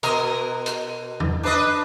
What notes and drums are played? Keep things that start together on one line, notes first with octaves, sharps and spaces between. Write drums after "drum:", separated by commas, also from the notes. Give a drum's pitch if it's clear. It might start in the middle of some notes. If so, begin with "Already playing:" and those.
B2 A#4 D#5, drum: hi-hat
drum: hi-hat
drum: tom
D4 B4 D#5